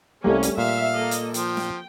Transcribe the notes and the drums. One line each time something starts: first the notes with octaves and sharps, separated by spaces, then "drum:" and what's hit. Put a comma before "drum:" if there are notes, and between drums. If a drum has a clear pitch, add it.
C2 G3 A3 A#3 C#4
drum: hi-hat
A#2 E5 F5
A#3 A4 D#5
drum: hi-hat
F3 G5, drum: hi-hat
drum: snare